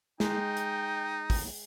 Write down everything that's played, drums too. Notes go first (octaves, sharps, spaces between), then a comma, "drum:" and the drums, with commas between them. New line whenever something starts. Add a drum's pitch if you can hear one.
G#3 D#4 G5, drum: snare
drum: hi-hat
drum: kick, open hi-hat